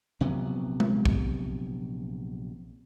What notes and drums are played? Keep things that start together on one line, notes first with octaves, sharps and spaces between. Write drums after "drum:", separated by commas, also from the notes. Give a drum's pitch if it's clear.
A#1 C3 F#3 B3
drum: tom G#3
drum: kick